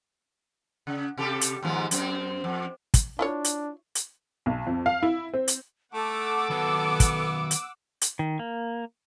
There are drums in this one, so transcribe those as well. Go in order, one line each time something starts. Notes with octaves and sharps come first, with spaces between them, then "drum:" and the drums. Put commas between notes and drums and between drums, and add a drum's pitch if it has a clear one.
C#3
C3 G4 A4
drum: hi-hat
D#2 G#2 F3
F#2 C4, drum: hi-hat
F2
drum: kick, hi-hat
D4 E4 F4 C#5
drum: hi-hat
drum: hi-hat
B1
F2
F5
E4
C4
drum: hi-hat
A3 A4 F#5 D6 E6
D#3 F#3 B3 A5
drum: kick, hi-hat
drum: hi-hat
drum: hi-hat
D#3
A#3